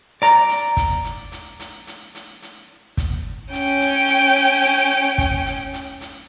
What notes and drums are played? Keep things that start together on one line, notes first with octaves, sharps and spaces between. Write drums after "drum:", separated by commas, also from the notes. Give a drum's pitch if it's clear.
D5 A#5, drum: hi-hat
drum: hi-hat
drum: kick, hi-hat
drum: hi-hat
drum: hi-hat
drum: hi-hat
drum: hi-hat
drum: hi-hat
drum: hi-hat
drum: kick, hi-hat
C#4 G5, drum: hi-hat
drum: hi-hat
drum: hi-hat
drum: hi-hat
drum: hi-hat
drum: hi-hat
drum: kick, hi-hat
drum: hi-hat
drum: hi-hat
drum: hi-hat